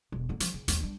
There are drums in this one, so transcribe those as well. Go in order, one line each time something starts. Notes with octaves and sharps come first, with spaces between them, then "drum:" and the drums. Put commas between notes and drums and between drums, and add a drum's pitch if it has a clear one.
E1
D3 A#3
F3, drum: hi-hat
C#3
D#2 G3, drum: hi-hat
G3 D4